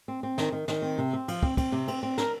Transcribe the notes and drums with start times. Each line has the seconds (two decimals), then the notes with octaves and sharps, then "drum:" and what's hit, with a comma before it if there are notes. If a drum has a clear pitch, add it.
0.08 C4
0.23 C4
0.38 D#3, drum: snare
0.52 D#3
0.68 D#3, drum: snare
0.82 C4
0.98 C3
1.13 C4
1.28 F3, drum: cymbal
1.43 C4, drum: kick
1.57 C4, drum: kick, cymbal
1.72 C3
1.88 C4, drum: cymbal
2.03 C4
2.18 A#4, drum: snare